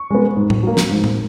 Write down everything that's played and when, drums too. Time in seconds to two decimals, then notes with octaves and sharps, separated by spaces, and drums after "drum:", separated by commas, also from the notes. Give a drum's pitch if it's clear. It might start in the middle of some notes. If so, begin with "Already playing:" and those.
Already playing: C#6
0.10 G#3 B3
0.36 G#2
0.50 drum: tom A2
0.63 F#3 A#3
0.77 drum: snare
0.91 G#2
1.04 drum: tom A2